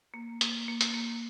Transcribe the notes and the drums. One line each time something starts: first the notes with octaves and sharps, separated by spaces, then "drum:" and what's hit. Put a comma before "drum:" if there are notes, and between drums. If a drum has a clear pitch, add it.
A#3
A#3, drum: hi-hat
A#3
drum: hi-hat
A#3